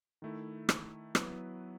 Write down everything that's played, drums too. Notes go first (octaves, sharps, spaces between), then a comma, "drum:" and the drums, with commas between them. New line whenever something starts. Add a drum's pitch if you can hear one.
D#3 A3 E4
drum: rim click
F#3 B3 E4 B4, drum: rim click